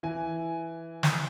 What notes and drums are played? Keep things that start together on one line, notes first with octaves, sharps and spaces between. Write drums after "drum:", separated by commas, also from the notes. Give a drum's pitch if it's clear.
E3 G#5
drum: snare